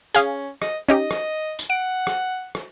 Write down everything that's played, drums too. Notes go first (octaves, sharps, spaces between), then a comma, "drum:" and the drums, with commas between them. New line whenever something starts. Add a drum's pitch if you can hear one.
C#4 G#4 F5, drum: tambourine
D#5, drum: rim click
C#4 D#4 G4 D#5
drum: rim click
drum: tambourine
F#5 D7
drum: rim click
drum: rim click